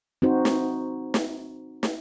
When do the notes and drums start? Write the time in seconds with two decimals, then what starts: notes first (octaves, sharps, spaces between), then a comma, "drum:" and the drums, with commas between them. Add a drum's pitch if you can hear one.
0.22 C4 D#4 F#4 C5
0.45 drum: snare
1.14 drum: snare
1.83 drum: snare